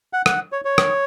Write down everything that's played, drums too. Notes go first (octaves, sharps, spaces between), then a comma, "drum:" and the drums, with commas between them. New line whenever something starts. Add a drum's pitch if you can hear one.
F#5
F#5, drum: rim click
C#5
C#5
drum: rim click